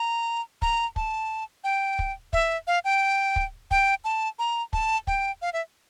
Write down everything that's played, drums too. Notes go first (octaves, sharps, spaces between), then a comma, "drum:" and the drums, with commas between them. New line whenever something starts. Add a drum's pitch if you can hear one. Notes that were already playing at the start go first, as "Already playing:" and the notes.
Already playing: A#5
A#5, drum: kick
A5, drum: kick
G5
drum: kick
E5, drum: kick
F5
G5
drum: kick
G5, drum: kick
A5
A#5
A5, drum: kick
G5, drum: kick
F5
E5